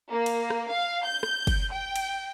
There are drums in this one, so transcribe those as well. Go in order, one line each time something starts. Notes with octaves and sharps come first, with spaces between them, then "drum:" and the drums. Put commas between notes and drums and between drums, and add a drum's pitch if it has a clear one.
A#3
drum: cymbal
drum: rim click
F5
G6
drum: rim click
drum: kick, cymbal
G5
drum: cymbal